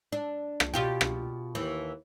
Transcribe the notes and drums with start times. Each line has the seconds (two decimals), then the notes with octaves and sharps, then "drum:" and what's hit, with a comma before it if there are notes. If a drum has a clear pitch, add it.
0.12 D4
0.60 drum: rim click
0.74 B2 F4 G4
1.01 drum: rim click
1.55 D#2 E3